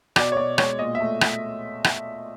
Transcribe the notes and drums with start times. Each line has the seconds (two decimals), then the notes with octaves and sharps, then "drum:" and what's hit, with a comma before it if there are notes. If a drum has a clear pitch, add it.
0.16 B2 D5, drum: rim click
0.32 C#5
0.36 B2 D5
0.58 G#3 C#5, drum: rim click
0.79 A#2 D#5
0.95 E5
1.00 A3
1.21 drum: rim click
1.84 drum: rim click